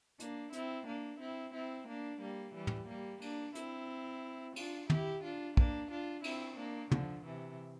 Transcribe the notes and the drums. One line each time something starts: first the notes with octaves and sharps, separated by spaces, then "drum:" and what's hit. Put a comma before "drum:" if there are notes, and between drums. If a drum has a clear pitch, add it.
A#3 D4, drum: hi-hat
C4 E4, drum: hi-hat
A#3 D4
C4 E4
C4 E4
A#3 D4
G3 A#3
E3 G3
drum: tom
G3 A#3
A#3 D4, drum: cymbal
C4 E4, drum: hi-hat
D4 F4, drum: cymbal
E4 G4, drum: tom
D4 F4
A#3 D4, drum: kick
D4 F4
C4 E4, drum: cymbal
A#3 D4
D3 F3, drum: tom
C3 E3